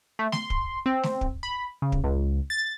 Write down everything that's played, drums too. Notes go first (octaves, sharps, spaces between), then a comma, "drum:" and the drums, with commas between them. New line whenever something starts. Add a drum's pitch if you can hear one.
A3
C6, drum: snare A3
drum: kick
C4
drum: snare A3
drum: kick
B5
C#3
drum: kick
C#2
A6